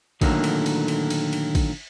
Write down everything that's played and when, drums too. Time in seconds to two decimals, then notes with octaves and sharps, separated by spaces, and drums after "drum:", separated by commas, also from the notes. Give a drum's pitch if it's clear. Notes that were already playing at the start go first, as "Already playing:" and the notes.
0.21 A#2 D3 D#3 F#3 A3 A#3, drum: kick, cymbal
0.44 drum: cymbal
0.66 drum: cymbal
0.88 drum: cymbal
1.10 drum: cymbal
1.33 drum: cymbal
1.55 drum: kick, cymbal